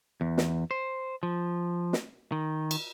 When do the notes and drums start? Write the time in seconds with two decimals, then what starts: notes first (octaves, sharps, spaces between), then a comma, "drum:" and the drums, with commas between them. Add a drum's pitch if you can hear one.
0.21 E2
0.38 drum: snare
0.71 C5
1.23 F3
1.93 drum: snare
2.32 D#3
2.71 drum: cymbal